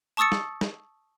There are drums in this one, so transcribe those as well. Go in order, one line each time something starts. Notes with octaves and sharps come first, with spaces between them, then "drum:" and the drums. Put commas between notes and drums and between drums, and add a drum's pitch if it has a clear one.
A5 C#6 D#6 E6 A6 C#7
drum: snare
drum: snare